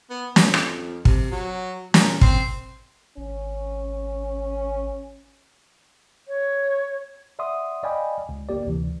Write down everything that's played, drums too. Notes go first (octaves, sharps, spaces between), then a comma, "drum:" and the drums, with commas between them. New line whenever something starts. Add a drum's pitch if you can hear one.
B3
F2, drum: snare
drum: rim click
C3, drum: kick
F#3
A#2, drum: snare
C4, drum: kick
G#1 C#4
C#5
D5 E5 F#5 C6 D#6
D5 D#5 F5 G5 G#5 B5
C#2
G1 A#3 G4 D5
D2 C3 E3